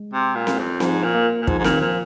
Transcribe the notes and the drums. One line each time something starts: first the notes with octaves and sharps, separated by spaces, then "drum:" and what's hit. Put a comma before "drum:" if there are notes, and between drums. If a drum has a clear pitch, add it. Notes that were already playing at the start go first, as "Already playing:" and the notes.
Already playing: G#3
C3
A#2
drum: snare C4
F2
G#2 F3, drum: snare C4
A#2
A#3
A#2
G#2 F3, drum: kick
G#2
A#2 D#3, drum: snare C4
A#2 F3